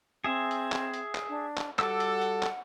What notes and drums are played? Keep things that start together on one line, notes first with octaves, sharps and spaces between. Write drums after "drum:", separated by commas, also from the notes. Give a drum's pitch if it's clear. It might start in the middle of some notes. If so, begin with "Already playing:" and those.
C4 G#4 E5
drum: hi-hat
drum: clap
drum: hi-hat
drum: clap
D4
drum: clap
G3 F#4 A4 F#5 D6 E6, drum: clap
drum: hi-hat
drum: hi-hat
drum: clap